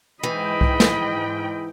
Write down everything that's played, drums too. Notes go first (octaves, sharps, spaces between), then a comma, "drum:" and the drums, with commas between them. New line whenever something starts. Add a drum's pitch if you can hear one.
G#2 E3 D#5 G5 B5
drum: kick C2
drum: snare